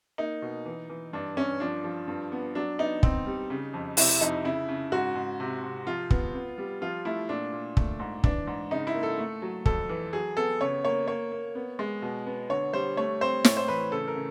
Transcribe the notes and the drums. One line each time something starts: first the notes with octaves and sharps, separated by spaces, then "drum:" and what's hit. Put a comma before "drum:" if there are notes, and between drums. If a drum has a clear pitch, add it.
A#3 D#4
B2
E3
E3
G2 D4
G2 C#4
F3 D4
F3
G2
B3
F#3 D4
B3 D#4
C4, drum: kick
G3
C#3
F2
C3 E4, drum: open hi-hat
F2 D#4
C#3 E4
C#3
G#2 F#4
G#2
C3
C3
F3 F4
B3, drum: kick
B3
G3
F3 F4
A3 E4
A#2 D4
A#2
A3, drum: kick
G#2
E3 D4, drum: kick
G#2
C#3 D#4
E4
A#3
A4
A3
F#3
F2 A4, drum: kick
E3
F#3 G#4
B3 A4
C#3 C#5
A#3 C#5
A#3 C#5
A#3
B3
G#3
B2
B3
D3 C#5
G3 C5
A3 C#5
C4 C5
A2 C#5, drum: snare
C5
E3 B4
C#3 A4
A#4
C#3